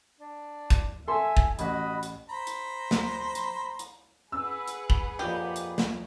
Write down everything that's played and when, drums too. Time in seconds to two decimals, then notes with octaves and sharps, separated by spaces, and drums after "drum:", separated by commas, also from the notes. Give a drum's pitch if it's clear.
0.19 D4
0.70 drum: kick, hi-hat
1.08 A4 E5 G#5 C6
1.37 drum: kick
1.59 A1 F#4 D#5 B5, drum: hi-hat
2.03 drum: hi-hat
2.29 C5 A#5 B5
2.47 drum: hi-hat
2.91 drum: snare
3.35 drum: hi-hat
3.79 drum: hi-hat
4.32 G#4 B4 F#5 E6
4.68 drum: hi-hat
4.90 drum: kick
5.19 F2 A#2 G4 D#5
5.56 drum: hi-hat
5.78 drum: snare